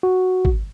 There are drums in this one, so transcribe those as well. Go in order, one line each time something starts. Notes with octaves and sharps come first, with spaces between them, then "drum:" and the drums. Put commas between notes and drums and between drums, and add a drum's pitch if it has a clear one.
F#4
drum: kick